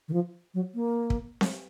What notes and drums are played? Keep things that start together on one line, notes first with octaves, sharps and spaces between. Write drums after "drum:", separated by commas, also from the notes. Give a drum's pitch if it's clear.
D#3
F3
F#3
A#3
drum: kick
drum: snare C4